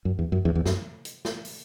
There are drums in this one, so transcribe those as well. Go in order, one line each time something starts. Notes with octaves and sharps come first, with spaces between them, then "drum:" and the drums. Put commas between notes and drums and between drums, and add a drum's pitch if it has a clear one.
F#2
E2
F#2
E2
E2
F#2, drum: snare
drum: hi-hat
drum: snare
drum: open hi-hat